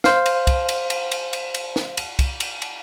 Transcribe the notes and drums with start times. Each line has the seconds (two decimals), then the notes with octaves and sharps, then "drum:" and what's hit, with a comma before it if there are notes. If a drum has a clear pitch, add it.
0.04 C5 F5, drum: snare
0.26 drum: cymbal
0.47 drum: kick, cymbal
0.69 drum: cymbal
0.90 drum: cymbal
1.12 drum: cymbal
1.33 drum: cymbal
1.54 drum: cymbal
1.76 drum: snare
1.97 drum: cymbal
2.19 drum: kick, cymbal
2.40 drum: cymbal
2.62 drum: cymbal